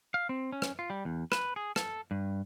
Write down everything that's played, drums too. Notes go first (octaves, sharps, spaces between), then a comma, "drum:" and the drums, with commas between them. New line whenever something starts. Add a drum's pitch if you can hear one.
F5
C4
C#4
drum: rim click
F4
G3
E2
B4, drum: rim click
G#4
A4, drum: rim click
G2